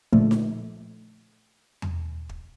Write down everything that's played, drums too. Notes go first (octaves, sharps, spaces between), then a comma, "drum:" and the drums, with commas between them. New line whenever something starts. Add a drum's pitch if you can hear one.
A#2 D3 F3 A3, drum: kick
drum: snare D#4
drum: tom E2
drum: kick